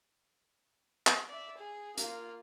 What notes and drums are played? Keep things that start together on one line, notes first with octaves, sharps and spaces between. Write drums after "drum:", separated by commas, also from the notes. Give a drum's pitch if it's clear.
drum: clap
D5 E5
G#4
A#3 F4, drum: hi-hat